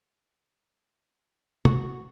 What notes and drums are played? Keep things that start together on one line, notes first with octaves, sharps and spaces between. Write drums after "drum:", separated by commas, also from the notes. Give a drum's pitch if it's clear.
F#4, drum: tom